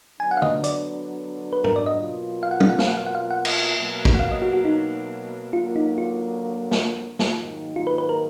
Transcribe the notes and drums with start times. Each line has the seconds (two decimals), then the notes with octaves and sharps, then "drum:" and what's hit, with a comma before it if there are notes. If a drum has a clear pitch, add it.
0.20 D3 F#3 B3 D4 G#5
0.31 F#5
0.37 F5
0.42 D#5, drum: tom
0.64 D5, drum: hi-hat
1.53 B4
1.64 A#4, drum: tom
1.76 D5
1.86 D#5
1.97 B2 F#3 A#3 F4
2.43 F5
2.51 F#5
2.60 F5, drum: tom
2.69 F#5
2.79 F5, drum: snare
2.87 F#5
2.97 F5
3.06 F#5
3.15 F5
3.31 F#5
3.45 drum: cymbal
3.76 B2 F#3 A#3
4.05 drum: kick
4.14 F#5
4.19 F5
4.31 D#5
4.42 F#4
4.53 F#4
4.65 D#4
5.53 D3 F#3 A#3 F4
5.76 D#4
5.98 F4
6.71 drum: snare
7.19 drum: snare
7.32 G#2 D#3 F#3 A#3 D#4
7.76 F4
7.87 B4
7.98 B4
8.09 A#4